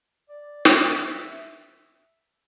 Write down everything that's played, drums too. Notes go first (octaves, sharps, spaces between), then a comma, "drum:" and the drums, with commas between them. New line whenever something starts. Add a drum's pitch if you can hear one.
D5
E5, drum: snare